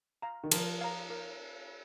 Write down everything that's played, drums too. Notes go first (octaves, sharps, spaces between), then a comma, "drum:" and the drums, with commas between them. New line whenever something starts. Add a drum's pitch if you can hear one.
F5 A#5
D#3
F3 A#4, drum: cymbal
F5 A#5
A#4